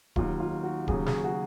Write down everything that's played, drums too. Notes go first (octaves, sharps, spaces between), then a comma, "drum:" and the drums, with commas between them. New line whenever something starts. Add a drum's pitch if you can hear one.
D#2 D#3 F#3 F4, drum: kick D1
F4
F#4
D#2 C#3 F#3 G#4, drum: kick D1
G#4, drum: snare
F#4